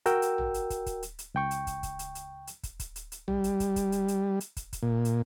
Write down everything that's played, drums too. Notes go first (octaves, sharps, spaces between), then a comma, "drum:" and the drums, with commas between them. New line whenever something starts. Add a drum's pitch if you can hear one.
F#4 A#4 G5 E6, drum: hi-hat
drum: hi-hat
drum: tom
drum: hi-hat
drum: kick, hi-hat
drum: kick, hi-hat
drum: hi-hat
drum: hi-hat
C#2 G5 C#6
drum: hi-hat
drum: kick, hi-hat
drum: kick, hi-hat
drum: hi-hat
drum: hi-hat
drum: hi-hat
drum: kick, hi-hat
drum: kick, hi-hat
drum: hi-hat
drum: hi-hat
G3, drum: tom
drum: hi-hat
drum: kick, hi-hat
drum: kick, hi-hat
drum: hi-hat
drum: hi-hat
drum: hi-hat
drum: kick, hi-hat
drum: kick, hi-hat
A#2
drum: hi-hat